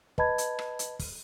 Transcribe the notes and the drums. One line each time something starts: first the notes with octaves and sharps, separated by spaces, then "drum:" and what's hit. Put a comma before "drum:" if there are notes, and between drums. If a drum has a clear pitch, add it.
B4 D#5 A5 B5 G#6, drum: kick
drum: hi-hat
drum: rim click
drum: hi-hat
drum: kick, open hi-hat